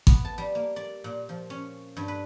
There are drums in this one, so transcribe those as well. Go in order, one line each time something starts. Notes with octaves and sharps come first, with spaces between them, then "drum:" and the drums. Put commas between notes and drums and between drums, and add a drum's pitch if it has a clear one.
B3, drum: kick G#1
A5
G3
A#3
D5
A#2
F3
C#4
G2
B4